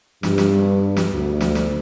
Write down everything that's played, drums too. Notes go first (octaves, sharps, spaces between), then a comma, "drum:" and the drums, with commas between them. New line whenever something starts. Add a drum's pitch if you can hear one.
G2, drum: snare
drum: snare
drum: snare
D2
drum: snare
drum: snare